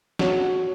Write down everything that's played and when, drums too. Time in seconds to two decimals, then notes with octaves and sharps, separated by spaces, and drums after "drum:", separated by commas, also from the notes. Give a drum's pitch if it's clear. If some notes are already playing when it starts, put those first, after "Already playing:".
0.19 F#4 C#5, drum: snare